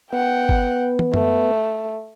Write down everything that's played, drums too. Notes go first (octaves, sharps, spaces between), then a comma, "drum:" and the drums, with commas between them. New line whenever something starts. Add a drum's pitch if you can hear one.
B3 F#5 G5
drum: kick
drum: tom
A3, drum: tom F#2